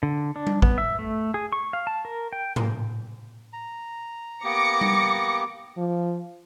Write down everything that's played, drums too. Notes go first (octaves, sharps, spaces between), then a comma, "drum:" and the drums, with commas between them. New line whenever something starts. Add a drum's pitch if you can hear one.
D3
D4
drum: tom G3
B3, drum: kick
E5
A3
G#4
C#6
F5
A5
A#4
G5
A#3, drum: tom G#2
A#5
A#3 B3 G4 D6 A#6 C#7
drum: tom G3
F3